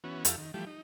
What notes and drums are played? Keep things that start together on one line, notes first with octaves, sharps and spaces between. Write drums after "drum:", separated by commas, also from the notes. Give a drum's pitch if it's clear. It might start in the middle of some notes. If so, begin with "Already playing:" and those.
E3 B3 C#4 F#4
F2 E4 G4 A4 F5, drum: hi-hat
D#3
E3 F3 G3 A3 G4
D#4